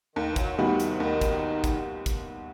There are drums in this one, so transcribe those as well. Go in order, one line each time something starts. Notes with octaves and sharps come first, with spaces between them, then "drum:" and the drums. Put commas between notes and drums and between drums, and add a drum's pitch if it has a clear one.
D#2 D#3
E3
F#3, drum: kick, hi-hat
D#3 E3 G3 B3 F#4
C3, drum: hi-hat
D#2 D#3
drum: kick, hi-hat
drum: kick, hi-hat
drum: kick, hi-hat